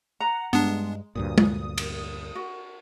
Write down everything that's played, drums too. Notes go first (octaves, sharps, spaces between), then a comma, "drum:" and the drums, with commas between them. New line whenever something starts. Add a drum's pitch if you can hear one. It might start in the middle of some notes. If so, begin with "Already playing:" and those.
F#5 A#5
G2 G#3 B3 D4
D2 G2 A#2 D#6
drum: tom
drum: cymbal
F#4